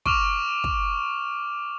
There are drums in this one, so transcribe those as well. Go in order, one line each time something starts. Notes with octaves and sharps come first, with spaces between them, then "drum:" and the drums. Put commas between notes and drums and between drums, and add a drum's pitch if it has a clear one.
C#6 D6 F6 E7 F7, drum: kick
drum: kick